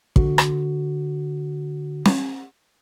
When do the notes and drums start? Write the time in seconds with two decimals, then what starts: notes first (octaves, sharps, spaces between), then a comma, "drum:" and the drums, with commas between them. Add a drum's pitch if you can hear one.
0.16 D3 F#4, drum: kick
0.38 drum: rim click
2.06 drum: snare